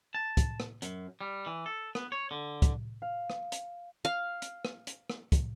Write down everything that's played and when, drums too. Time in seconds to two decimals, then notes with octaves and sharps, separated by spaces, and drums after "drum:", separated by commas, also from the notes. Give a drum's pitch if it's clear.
0.15 A5
0.37 drum: kick, hi-hat
0.60 drum: rim click
0.82 F#2, drum: hi-hat
1.21 G3
1.46 E3
1.66 A4
1.95 B3, drum: rim click
2.12 C#5
2.31 D3
2.62 drum: kick, hi-hat
3.02 F5
3.30 drum: rim click
3.52 drum: hi-hat
4.05 F5
4.42 drum: hi-hat
4.65 drum: rim click
4.87 drum: hi-hat
5.10 drum: rim click
5.32 drum: kick, hi-hat